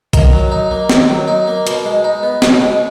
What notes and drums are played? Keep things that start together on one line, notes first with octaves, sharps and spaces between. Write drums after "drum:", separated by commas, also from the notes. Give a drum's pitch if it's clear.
D#3 A#5, drum: kick A#1, hi-hat
F#3
D#4
A#3
D#3, drum: snare
F#3
D#4
A#3
B2, drum: hi-hat
G#3
D#4
B3
B2 C#5, drum: snare
G#3